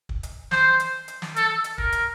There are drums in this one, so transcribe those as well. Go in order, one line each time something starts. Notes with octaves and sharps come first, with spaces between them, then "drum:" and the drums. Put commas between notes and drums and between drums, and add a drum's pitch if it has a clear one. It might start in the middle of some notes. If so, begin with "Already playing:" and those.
drum: kick
drum: hi-hat
C5, drum: snare
drum: hi-hat
drum: hi-hat
drum: snare
A4, drum: hi-hat
drum: hi-hat
A#4, drum: kick
drum: hi-hat